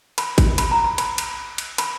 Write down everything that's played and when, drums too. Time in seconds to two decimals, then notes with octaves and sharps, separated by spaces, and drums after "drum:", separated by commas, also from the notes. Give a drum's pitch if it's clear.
0.18 B5, drum: cymbal
0.38 drum: kick G#1, cymbal
0.58 B5, drum: cymbal
0.71 A#5
0.84 B5
0.98 B5, drum: cymbal
1.18 drum: cymbal
1.58 drum: cymbal
1.78 B5, drum: cymbal